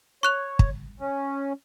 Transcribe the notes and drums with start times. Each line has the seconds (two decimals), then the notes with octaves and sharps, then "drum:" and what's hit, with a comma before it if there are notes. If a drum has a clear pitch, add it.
0.23 C#5 C#6 F#6 F7
0.59 drum: kick
1.00 C#4